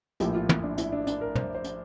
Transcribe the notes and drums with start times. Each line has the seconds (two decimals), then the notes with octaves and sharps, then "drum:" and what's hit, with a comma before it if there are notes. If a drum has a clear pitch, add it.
0.20 A#1 A2 F3 A#3 G4, drum: hi-hat
0.35 F4
0.49 E4, drum: tom
0.63 D4
0.78 E4, drum: hi-hat
0.92 D4
1.07 D4, drum: hi-hat
1.21 A#4
1.35 C5, drum: tom
1.55 C5
1.64 drum: hi-hat